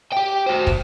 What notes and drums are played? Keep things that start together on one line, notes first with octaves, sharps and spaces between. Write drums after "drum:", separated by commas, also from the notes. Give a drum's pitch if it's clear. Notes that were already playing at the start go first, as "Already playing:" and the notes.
G4 G5
F#4 C5
drum: kick